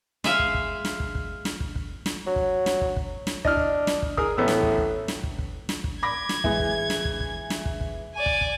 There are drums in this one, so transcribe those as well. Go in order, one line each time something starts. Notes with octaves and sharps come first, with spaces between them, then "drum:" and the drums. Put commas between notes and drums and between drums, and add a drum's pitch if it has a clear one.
G#3 E5 F5, drum: snare
drum: kick
drum: kick
drum: snare
drum: kick
drum: kick
drum: snare
drum: kick
drum: kick
drum: snare
F#3
drum: kick
drum: snare
drum: kick
drum: kick
drum: snare
D4 D#5 F6, drum: kick
drum: kick
drum: snare
drum: kick
G#4 A#4 D#6, drum: kick
A1 A2 B3 E6
drum: snare
drum: kick
drum: kick
drum: snare
drum: kick
drum: kick
drum: snare
drum: kick
B5 D6 G#6 A#6
drum: snare
E3 G#3, drum: kick
drum: kick
drum: snare
drum: kick
drum: kick
drum: snare
drum: kick
drum: kick
D5 G#5
drum: kick
drum: kick